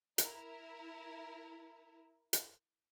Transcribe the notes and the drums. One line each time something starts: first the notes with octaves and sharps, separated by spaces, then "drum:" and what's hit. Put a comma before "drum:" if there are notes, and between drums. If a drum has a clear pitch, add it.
E4 A#4, drum: hi-hat
drum: hi-hat